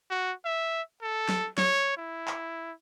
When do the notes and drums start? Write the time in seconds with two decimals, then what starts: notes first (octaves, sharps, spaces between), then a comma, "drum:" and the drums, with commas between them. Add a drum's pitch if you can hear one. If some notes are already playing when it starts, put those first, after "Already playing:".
0.10 F#4
0.45 E5
1.02 A4
1.29 drum: snare
1.58 C#5, drum: snare
1.97 E4
2.27 drum: clap